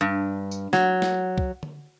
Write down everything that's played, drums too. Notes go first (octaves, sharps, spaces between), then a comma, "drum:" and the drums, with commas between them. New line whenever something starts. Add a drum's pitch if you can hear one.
G2
drum: tambourine
F#3, drum: snare
drum: snare
drum: kick C2
drum: tom D3